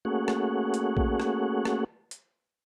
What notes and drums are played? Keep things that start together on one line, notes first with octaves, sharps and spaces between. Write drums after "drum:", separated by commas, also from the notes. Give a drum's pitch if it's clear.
A3 A#3 C#4 F#4 G#4 F#5
drum: rim click
drum: hi-hat
drum: kick A#1
drum: rim click
drum: rim click
drum: hi-hat